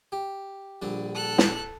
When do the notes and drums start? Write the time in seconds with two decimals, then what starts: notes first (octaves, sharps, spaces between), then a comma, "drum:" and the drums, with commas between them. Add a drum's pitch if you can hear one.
0.12 G4
0.82 A#1 D3 G3
1.14 A4 F#6
1.38 drum: snare